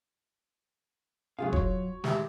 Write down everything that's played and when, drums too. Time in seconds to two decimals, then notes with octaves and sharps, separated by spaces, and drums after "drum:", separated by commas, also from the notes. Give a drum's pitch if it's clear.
1.39 G#2 C3 F#3 F4 G#4 F5
1.53 F#4 C#5, drum: kick E1
2.04 D#3 G#3 G4 E5 D6, drum: snare